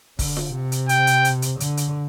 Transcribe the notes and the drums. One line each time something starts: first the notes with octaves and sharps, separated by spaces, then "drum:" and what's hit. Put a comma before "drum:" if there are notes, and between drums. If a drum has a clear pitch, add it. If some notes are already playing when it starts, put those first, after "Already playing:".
D3, drum: kick, open hi-hat
drum: snare F4
C3
drum: hi-hat
G5, drum: hi-hat
drum: hi-hat
drum: hi-hat
drum: hi-hat
D3, drum: hi-hat
drum: hi-hat